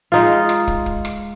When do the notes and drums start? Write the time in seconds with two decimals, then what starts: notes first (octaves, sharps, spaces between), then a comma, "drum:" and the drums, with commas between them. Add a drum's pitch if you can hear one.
0.12 G#3 D#4 F4
0.49 drum: rim click
0.67 drum: kick
0.86 drum: kick
1.05 drum: rim click